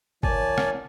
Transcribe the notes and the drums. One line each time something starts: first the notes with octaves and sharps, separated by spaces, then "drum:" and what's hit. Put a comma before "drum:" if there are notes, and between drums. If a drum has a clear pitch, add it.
E3 A#4 C#5 D5 G#5 A5, drum: kick G1
drum: rim click